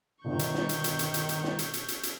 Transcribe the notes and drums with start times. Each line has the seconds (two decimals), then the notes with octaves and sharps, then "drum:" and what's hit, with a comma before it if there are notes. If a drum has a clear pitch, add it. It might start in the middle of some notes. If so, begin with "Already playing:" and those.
0.24 G1 B2 D#3 C#6 G6
0.39 drum: hi-hat
0.54 drum: snare
0.69 drum: hi-hat
0.84 drum: hi-hat
0.99 drum: hi-hat
1.14 drum: hi-hat
1.29 drum: hi-hat
1.44 drum: snare
1.59 drum: hi-hat
1.74 drum: hi-hat
1.88 drum: hi-hat
2.03 drum: hi-hat